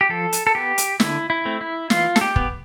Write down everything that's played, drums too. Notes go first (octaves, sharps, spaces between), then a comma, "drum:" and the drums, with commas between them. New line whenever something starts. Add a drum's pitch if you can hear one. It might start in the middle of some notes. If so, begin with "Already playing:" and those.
G4
F3 A4
drum: hi-hat
A4
B3 G4
drum: hi-hat
D3 E4, drum: snare
E4
A3 C4
E4
E3 F4, drum: snare
A4, drum: snare
G4
B3, drum: kick